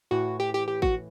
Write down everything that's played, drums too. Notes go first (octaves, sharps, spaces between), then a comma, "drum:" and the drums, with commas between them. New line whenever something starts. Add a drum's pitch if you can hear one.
A2 E3 F#4
G4
G4
G4
F#4, drum: kick G#1